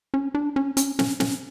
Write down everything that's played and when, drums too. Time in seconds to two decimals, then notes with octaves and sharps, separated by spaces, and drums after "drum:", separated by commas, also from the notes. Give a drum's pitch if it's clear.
0.14 C#4
0.35 D4
0.56 C#4
0.77 C#4, drum: hi-hat
0.99 C#4, drum: snare
1.20 C#4, drum: snare